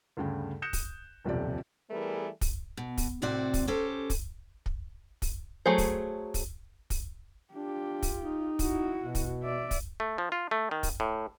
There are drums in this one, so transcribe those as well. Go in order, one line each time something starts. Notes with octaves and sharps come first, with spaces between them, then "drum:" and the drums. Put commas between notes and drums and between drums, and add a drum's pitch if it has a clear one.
D2 G2 C#3 G5
D#6 F#6 G6 A#6 C#7 E7
drum: kick, open hi-hat
D#1 B1 F2 C3 G4 D5
E3 G3 A3 B3 G#4 A#4
drum: kick, open hi-hat
B2
drum: kick, open hi-hat
A2 C3 C4 F#4 D5
drum: kick, open hi-hat
C#4 G4 A4 C5
drum: kick, open hi-hat
drum: kick
drum: kick, open hi-hat
F#3 A3 G#4 C5
drum: kick, open hi-hat
drum: kick, open hi-hat
drum: kick, open hi-hat
D4 F4 G4
drum: kick, open hi-hat
D#4
E4 F#4, drum: kick, open hi-hat
B2
drum: kick, open hi-hat
D5 E5
drum: kick, open hi-hat
A3
F3
F4
A3
D#3
drum: kick, open hi-hat
A2